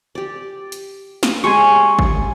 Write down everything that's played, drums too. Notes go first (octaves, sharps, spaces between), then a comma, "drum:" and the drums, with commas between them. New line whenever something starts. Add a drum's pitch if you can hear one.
G4 D5
drum: hi-hat
drum: snare
G#3 G4 G#4 G#5 C6 C#6
drum: kick